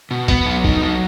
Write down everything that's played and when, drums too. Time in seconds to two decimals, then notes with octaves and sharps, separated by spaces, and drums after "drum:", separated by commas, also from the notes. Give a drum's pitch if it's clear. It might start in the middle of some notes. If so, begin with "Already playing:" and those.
0.11 B2
0.28 B3, drum: kick, hi-hat
0.46 F#3
0.64 D#4, drum: kick
0.82 F#3